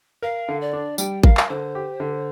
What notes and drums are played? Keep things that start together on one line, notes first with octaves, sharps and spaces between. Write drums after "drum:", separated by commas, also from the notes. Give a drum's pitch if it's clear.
A#4 F5
D3
D5
D4
G3 G5, drum: tambourine
A#4 F5, drum: kick G#1
drum: clap
D3 C5
G4
D3